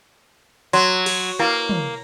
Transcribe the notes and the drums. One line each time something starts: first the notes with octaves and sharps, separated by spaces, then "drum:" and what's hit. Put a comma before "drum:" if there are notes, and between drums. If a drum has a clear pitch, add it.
F#3 C6, drum: open hi-hat
F#4, drum: cymbal
A#3 E4 B4 G5
drum: tom